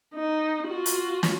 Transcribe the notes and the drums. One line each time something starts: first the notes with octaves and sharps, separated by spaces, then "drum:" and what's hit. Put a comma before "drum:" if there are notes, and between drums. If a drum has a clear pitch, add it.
D#4
F4 F#4
drum: hi-hat
drum: snare